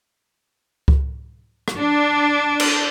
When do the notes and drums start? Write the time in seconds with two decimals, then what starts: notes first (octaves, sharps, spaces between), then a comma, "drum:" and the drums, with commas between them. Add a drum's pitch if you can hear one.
0.88 drum: kick C#2
1.68 drum: rim click
1.77 D4
2.60 drum: cymbal